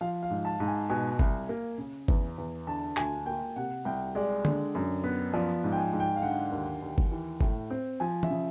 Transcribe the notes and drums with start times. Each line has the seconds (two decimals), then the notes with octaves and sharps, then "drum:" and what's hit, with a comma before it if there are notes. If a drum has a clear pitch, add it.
0.01 F3 F5
0.23 F5
0.30 G#2
0.45 A5
0.60 G#2
0.68 G#5
0.90 B2 G#5
1.19 C2, drum: kick G1
1.49 A#3
1.78 C#3
2.08 E2, drum: kick G1
2.38 E2
2.67 D3 A5
2.97 D2 G#5, drum: clap
3.26 A#3 G5
3.56 C3 F#5
3.85 C2 G5
4.15 G#3 D5
4.45 D3, drum: tom
4.75 F#2
5.04 B3
5.33 F3 D5
5.64 G#2
5.72 G5
5.78 G#5
5.93 G#2
6.00 G5
6.16 F5
6.22 D3 F#5
6.52 D#2
6.82 D#2
6.98 drum: kick G1
7.12 E3
7.41 A2, drum: kick G1
7.70 C4
8.00 F3 G#5
8.23 E5, drum: tom
8.30 C#3